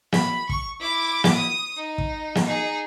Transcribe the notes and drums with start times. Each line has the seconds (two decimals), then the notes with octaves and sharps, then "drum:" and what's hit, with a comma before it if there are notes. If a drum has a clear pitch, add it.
0.12 B5, drum: snare
0.49 C#6, drum: kick
0.80 E4 D6
1.24 drum: snare
1.35 D#6
1.76 D#4
1.98 drum: kick
2.35 drum: snare
2.45 D#4 G#4